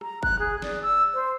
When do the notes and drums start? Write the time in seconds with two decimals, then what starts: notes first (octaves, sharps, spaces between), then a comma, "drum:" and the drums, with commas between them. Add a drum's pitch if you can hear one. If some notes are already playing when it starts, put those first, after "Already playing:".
0.01 A#5, drum: rim click
0.23 F#6, drum: kick
0.40 G#4
0.62 D5, drum: snare
0.82 E6
1.14 C5